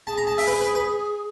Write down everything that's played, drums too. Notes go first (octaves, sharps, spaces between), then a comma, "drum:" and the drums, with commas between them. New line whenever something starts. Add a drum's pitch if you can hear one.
G#4 A5
A#5
A5
E5, drum: open hi-hat
B4
B4
B4